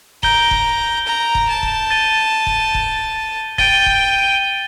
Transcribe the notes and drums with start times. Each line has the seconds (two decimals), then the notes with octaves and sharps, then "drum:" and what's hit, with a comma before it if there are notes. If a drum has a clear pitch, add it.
0.23 A#5 G6 D7 G7, drum: kick
0.51 drum: kick
1.07 A#5
1.35 drum: kick
1.49 A5
1.63 drum: kick
1.90 A6 D#7 G7
2.47 drum: kick
2.74 drum: kick
3.58 G5 A6 D#7 G7, drum: kick
3.86 drum: kick